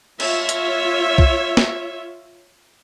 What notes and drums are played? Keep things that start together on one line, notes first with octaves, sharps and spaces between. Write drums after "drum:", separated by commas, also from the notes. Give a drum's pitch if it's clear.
F4 C#5 E5, drum: cymbal
drum: hi-hat
drum: kick
drum: snare